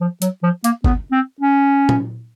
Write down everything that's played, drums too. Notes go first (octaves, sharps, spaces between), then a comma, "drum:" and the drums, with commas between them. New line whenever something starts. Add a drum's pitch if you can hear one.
F3
F#3, drum: hi-hat
F3
A#3, drum: hi-hat
B3, drum: kick G1
C4
C#4
drum: tom